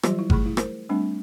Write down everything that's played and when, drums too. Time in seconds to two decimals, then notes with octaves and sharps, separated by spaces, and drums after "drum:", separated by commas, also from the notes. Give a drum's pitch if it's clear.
0.03 E3 F#3 G3 F4 G4 C5, drum: rim click
0.19 E4
0.30 A3 G#4 B5 C#6, drum: kick G1
0.46 E4
0.57 A#4 C5, drum: rim click
0.89 G3 A3 C4 D4